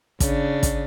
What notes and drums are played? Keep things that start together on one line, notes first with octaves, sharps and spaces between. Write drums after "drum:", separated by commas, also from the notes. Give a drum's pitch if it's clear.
C#3 D4, drum: kick, hi-hat
drum: kick, hi-hat